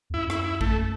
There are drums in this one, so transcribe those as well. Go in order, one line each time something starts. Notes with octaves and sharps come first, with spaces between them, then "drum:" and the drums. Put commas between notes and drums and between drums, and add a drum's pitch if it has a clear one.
E2
F#2 E4
E4, drum: rim click
E4
A3, drum: kick A1